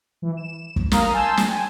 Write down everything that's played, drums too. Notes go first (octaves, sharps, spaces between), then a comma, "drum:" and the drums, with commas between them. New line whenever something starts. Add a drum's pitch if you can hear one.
E3
E7
drum: kick
A#4 F5 A#5 D#6 F6, drum: snare
G#5 A5 C6 E6 G6
drum: snare
G5 G#5